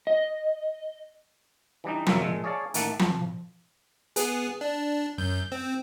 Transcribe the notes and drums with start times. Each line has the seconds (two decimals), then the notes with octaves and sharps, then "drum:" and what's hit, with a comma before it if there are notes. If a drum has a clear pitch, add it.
0.07 D#5
1.84 E3 G3 D4 D#4
2.07 C2 F#2 F#3 A#3 F4 E5, drum: tom F3
2.22 A#2 G#3 A3
2.44 G#4 C#5 D5 F5 A5
2.74 A1 D#3 A3 A#3 F#5 A5, drum: hi-hat
2.99 F3, drum: tom F3
4.16 B3 G#4, drum: hi-hat
4.61 D4
5.18 F#2 G6
5.52 C4